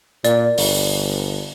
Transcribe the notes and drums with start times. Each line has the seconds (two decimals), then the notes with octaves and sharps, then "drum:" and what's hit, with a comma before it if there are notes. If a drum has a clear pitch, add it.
0.24 A#2 D5, drum: hi-hat
0.58 G1, drum: open hi-hat